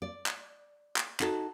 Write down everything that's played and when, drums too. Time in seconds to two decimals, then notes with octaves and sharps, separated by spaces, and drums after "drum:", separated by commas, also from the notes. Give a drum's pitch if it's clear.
0.02 D5
0.26 drum: clap
0.96 drum: clap
1.20 D#4 F#4 A4, drum: clap